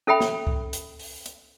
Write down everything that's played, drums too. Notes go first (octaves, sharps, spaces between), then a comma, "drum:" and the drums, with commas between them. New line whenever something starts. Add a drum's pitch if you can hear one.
C#4 A4 E5 G5 B5
drum: snare
drum: kick C2
drum: hi-hat
drum: open hi-hat
drum: hi-hat